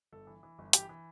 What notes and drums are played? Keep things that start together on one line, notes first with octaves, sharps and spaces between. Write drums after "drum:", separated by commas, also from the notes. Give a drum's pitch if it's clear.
G1 A4
E3
E3
G1
E3 G4, drum: hi-hat
E3